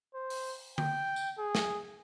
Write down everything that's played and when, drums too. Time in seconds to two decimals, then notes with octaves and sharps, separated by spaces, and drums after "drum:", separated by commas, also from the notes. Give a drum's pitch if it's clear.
0.14 C5
0.30 drum: open hi-hat
0.78 G5, drum: tom D3
1.16 drum: tambourine
1.38 G#4
1.55 drum: snare